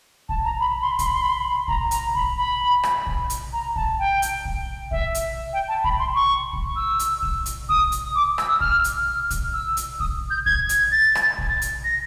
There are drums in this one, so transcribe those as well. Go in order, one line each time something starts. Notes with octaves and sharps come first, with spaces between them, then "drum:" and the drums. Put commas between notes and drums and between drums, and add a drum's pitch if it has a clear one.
A5, drum: kick
A#5
B5
B5
C6
B5
C6, drum: kick, hi-hat
B5
C6
B5
C6
B5
A#5, drum: kick
A#5, drum: hi-hat
B5, drum: kick
B5
drum: rim click
drum: kick
drum: hi-hat
A#5
A5, drum: kick
G5
drum: hi-hat
drum: kick
E5, drum: kick
drum: hi-hat
G5
A5
B5, drum: kick
C6
C#6
drum: kick
E6
drum: hi-hat
drum: kick
drum: hi-hat
D#6, drum: kick
drum: hi-hat
D6
E6, drum: rim click
F6, drum: kick
drum: hi-hat
F6
drum: kick, hi-hat
E6
drum: hi-hat
D#6, drum: kick
G6
G#6, drum: kick
drum: hi-hat
A6
drum: rim click
drum: kick
drum: hi-hat
A#6